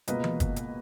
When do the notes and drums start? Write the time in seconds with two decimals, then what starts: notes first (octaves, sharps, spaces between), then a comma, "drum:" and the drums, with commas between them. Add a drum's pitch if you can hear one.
0.08 C#2 B2 A#3 B4 D#5, drum: hi-hat
0.24 drum: tom E3
0.40 drum: kick, hi-hat
0.56 drum: hi-hat